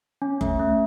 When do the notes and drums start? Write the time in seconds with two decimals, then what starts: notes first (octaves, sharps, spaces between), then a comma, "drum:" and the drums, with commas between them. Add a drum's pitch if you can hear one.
0.22 C#4
0.41 A3, drum: kick F#1
0.59 A3